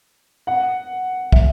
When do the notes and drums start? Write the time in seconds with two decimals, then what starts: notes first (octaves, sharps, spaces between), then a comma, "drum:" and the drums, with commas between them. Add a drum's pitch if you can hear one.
0.47 F#5
1.32 E5, drum: kick